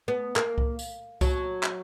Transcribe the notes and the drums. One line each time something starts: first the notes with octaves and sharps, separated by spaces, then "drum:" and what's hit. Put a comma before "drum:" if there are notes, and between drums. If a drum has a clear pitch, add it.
B3
A#3, drum: clap
drum: kick C2
drum: tambourine
F#3, drum: kick C2, tambourine
drum: clap